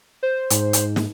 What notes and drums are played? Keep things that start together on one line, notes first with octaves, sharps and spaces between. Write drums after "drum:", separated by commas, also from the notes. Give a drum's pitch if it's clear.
C5
G#2, drum: hi-hat
drum: hi-hat
drum: snare